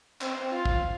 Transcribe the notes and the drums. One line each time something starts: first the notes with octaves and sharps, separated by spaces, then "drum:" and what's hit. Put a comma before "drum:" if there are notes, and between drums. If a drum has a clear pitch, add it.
C4, drum: clap
F4
drum: kick